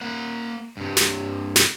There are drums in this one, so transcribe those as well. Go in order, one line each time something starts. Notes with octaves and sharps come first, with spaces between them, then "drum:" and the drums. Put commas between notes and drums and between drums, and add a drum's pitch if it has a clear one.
A#3 F#5
G2 C3
drum: snare
drum: snare